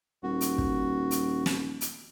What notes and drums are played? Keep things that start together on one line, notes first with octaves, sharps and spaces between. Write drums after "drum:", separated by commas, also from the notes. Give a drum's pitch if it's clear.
D#1 F#4
drum: hi-hat
drum: kick
drum: hi-hat
drum: snare
drum: hi-hat